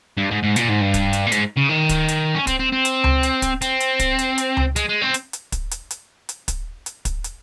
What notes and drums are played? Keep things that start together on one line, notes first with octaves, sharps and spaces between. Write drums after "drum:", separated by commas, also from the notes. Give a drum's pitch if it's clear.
G2
G#2
G#2
A#2, drum: hi-hat
G#2
G2
drum: kick, hi-hat
drum: hi-hat
A#2
G#2, drum: hi-hat
C#3
D#3
drum: kick, hi-hat
drum: hi-hat
C#4
C4, drum: kick, hi-hat
C4
C4
drum: hi-hat
drum: tom C#2
drum: hi-hat
drum: kick, hi-hat
C4, drum: hi-hat
drum: hi-hat
drum: kick, hi-hat
drum: hi-hat
drum: hi-hat
drum: tom C#2
G#3, drum: hi-hat
G#3
C4
drum: hi-hat
drum: hi-hat
drum: kick, hi-hat
drum: hi-hat
drum: hi-hat
drum: hi-hat
drum: kick, hi-hat
drum: hi-hat
drum: kick, hi-hat
drum: hi-hat